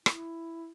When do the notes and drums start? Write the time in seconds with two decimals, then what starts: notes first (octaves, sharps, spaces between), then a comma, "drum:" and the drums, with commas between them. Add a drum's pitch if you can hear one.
0.06 E4, drum: rim click